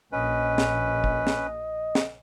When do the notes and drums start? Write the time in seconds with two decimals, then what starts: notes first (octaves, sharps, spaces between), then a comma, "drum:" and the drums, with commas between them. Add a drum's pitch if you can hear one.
0.12 A#1 C#4 B4 D#5
0.58 drum: snare
1.04 drum: kick
1.27 drum: snare
1.95 drum: snare